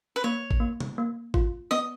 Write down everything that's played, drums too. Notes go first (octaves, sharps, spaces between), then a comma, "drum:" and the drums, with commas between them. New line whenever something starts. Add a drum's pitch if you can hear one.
B4
A#3 C#5
drum: kick G#1
A#3
drum: tom C3
A#3
F4, drum: kick G#1
B3 D#5